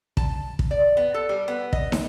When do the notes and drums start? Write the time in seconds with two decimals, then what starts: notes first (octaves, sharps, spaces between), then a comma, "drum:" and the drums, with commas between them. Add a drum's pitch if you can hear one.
0.17 A5, drum: kick
0.59 drum: kick
0.71 D5
0.97 B3
1.14 A4
1.29 G3
1.48 B3
1.73 D#5, drum: kick
1.92 drum: snare